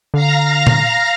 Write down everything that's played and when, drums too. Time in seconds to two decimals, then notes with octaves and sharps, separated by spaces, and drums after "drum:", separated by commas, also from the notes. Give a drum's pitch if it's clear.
0.14 D3 F5 A#5 A#6
0.67 drum: tom